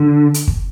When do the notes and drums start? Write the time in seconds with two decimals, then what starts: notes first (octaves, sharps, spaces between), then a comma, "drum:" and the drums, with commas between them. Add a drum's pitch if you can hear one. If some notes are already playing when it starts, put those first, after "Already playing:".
Already playing: D3
0.34 drum: hi-hat
0.48 drum: kick